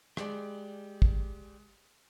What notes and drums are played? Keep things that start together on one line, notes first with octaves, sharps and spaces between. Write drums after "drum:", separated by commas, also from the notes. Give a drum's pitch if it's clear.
G#3 G4 D5, drum: rim click
drum: kick